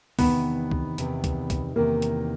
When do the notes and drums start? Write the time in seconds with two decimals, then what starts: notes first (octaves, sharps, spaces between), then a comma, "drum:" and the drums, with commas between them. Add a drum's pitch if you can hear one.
0.19 E2 C3 D#3 B3, drum: kick C#2, open hi-hat
0.71 drum: kick C#2
0.98 E2 C3 D#3, drum: hi-hat
1.24 drum: kick C#2, hi-hat
1.50 drum: kick C#2, hi-hat
1.76 E2 C3 D#3 A#3
2.02 drum: hi-hat